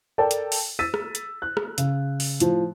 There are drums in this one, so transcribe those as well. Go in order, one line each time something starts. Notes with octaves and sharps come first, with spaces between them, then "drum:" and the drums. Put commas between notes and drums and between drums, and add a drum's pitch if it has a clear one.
A4 A#4 D5 G5 A5
drum: hi-hat
drum: open hi-hat
E6 A6 B6 D#7
drum: rim click
drum: hi-hat
F#6
drum: rim click
C#3, drum: hi-hat
drum: open hi-hat
A2 F3, drum: hi-hat